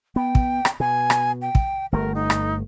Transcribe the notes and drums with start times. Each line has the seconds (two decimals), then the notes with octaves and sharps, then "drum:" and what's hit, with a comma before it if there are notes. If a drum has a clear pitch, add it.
0.16 B3 G5
0.35 drum: kick
0.65 drum: rim click
0.80 B2 G#5
1.10 drum: rim click
1.42 G5
1.55 drum: kick
1.92 G1 A3 A#4
2.15 D#4
2.30 drum: rim click